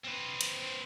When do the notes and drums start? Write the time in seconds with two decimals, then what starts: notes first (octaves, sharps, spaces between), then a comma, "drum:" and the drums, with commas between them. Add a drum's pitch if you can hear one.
0.05 C4 B4
0.41 drum: cymbal